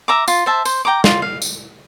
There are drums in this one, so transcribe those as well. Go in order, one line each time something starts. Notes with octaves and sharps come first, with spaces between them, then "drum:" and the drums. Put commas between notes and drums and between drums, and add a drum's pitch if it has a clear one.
E5 A#5 D6
F4, drum: tambourine
C5 E5 A5
C5, drum: tambourine
G5 A#5 D6
F4, drum: snare
F5
drum: tambourine